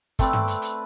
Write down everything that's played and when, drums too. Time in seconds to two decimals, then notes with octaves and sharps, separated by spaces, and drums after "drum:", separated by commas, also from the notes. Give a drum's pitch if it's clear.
0.19 A3 C4 B4 D5, drum: kick, hi-hat
0.33 drum: tom G2
0.48 drum: hi-hat
0.62 drum: hi-hat